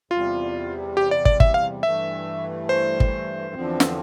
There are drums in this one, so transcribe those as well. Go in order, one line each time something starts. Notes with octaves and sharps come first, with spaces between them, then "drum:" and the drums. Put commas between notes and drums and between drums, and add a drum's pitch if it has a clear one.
E2 C3 G3 F4
G4
D5
D5, drum: kick
E5, drum: kick
F5
G2 E3 A3 E5
C5
drum: kick
E2 D3 F3 C4
drum: snare